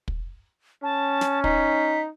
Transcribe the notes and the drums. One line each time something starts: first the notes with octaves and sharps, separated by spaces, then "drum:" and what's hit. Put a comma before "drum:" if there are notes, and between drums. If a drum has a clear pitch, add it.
drum: kick
C#4 A5
drum: snare
D#4 B6, drum: kick